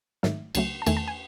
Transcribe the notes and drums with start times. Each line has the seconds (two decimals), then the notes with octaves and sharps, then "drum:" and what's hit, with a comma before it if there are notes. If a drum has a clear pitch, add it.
0.23 G#2 D#3 F#3 A3 E5, drum: snare
0.55 C#2 C#3 F#3 A3 G#5, drum: cymbal
0.82 A5
0.86 E2 D#3 A3 G#5, drum: cymbal
0.97 A5
1.08 G#5